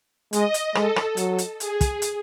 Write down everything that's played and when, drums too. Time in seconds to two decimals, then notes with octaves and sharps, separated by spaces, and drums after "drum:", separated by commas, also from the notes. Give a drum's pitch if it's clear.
0.33 G#3 D#5, drum: hi-hat
0.54 drum: hi-hat
0.75 G#3 A4, drum: rim click
0.96 drum: rim click
1.17 F#3, drum: hi-hat
1.38 drum: hi-hat
1.60 G#4, drum: hi-hat
1.81 drum: kick, hi-hat
2.02 drum: hi-hat